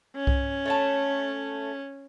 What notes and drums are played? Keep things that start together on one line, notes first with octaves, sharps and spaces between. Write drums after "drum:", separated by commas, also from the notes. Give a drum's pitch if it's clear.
C#4
drum: kick C2
A3 C#5 A5